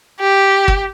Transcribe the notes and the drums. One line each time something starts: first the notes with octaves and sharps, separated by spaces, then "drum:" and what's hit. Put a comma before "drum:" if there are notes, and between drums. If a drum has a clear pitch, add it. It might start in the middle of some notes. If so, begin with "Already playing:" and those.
G4
drum: kick